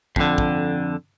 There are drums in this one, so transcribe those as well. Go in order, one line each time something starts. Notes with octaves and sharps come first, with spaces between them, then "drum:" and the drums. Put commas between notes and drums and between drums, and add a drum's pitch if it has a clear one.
F2 D3, drum: kick
drum: kick